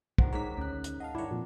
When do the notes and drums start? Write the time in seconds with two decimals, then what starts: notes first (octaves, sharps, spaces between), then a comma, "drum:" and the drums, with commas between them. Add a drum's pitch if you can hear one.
0.18 C2 G2 D#3 F3 C5 F#5, drum: kick
0.33 G#2 D#3 G4 C#5 A#5 B6
0.57 D2 C#4 F#6
0.84 drum: hi-hat
1.00 D#5 F5 F#5 A5
1.15 G1 D#3 D4 E4 C#5
1.31 F2 A#2